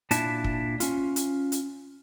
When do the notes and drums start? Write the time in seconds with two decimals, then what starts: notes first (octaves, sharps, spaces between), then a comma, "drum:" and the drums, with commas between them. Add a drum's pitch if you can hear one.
0.11 A#2 D4 E4 A5, drum: hi-hat
0.44 drum: kick
0.80 C#4 F4, drum: hi-hat
1.16 drum: hi-hat
1.52 drum: hi-hat